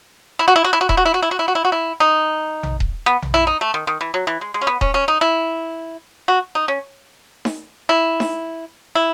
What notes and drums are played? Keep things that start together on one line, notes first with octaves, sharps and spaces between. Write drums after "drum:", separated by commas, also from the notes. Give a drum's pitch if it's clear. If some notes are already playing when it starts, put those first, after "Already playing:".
E4
F#4
E4
F#4
E4
F#4
E4, drum: kick D#1
F#4
E4
F#4
E4
F#4
E4
F#4
E4
F#4
E4
D#4
drum: tom A#1
drum: kick D#1
B3
drum: tom A#1
E4
D#4
A3
D#3
D#3
E3
F#3
E3
G#3
G#3
C#4
B3
C#4, drum: kick D#1
C#4
D#4
E4
F#4
D#4
C#4
drum: snare D#4
E4
drum: snare D#4
E4